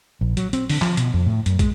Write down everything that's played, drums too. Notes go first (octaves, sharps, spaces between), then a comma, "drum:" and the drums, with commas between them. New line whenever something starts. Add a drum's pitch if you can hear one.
A#1
F#3, drum: hi-hat
C4, drum: hi-hat
D3, drum: open hi-hat
F3, drum: clap
B2, drum: hi-hat
F2
A2
F#2, drum: hi-hat
G#3, drum: kick, hi-hat